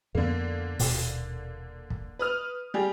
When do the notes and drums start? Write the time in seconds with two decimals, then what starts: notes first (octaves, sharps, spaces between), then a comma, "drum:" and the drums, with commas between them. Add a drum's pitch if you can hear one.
0.15 F2 D3 A#3 B3
0.79 D#1 B2, drum: open hi-hat
1.90 drum: kick
2.19 B4 D#6 F6
2.74 G3 G4 G#4